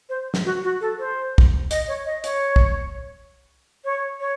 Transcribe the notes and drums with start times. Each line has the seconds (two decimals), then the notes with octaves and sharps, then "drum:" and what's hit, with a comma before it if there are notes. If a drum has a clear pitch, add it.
0.09 C5
0.34 drum: snare
0.45 F#4
0.63 F#4
0.81 A4
0.99 C5
1.38 drum: kick
1.71 D#5, drum: hi-hat
1.88 C#5
2.06 D#5
2.24 C#5, drum: hi-hat
2.56 drum: kick
3.85 C#5
4.20 C#5